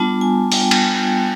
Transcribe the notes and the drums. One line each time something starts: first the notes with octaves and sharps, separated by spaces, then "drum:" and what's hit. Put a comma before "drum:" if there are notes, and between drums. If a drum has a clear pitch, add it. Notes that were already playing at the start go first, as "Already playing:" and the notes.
Already playing: G3 B3 D4 F4 A5
G#5
G5, drum: open hi-hat
drum: cymbal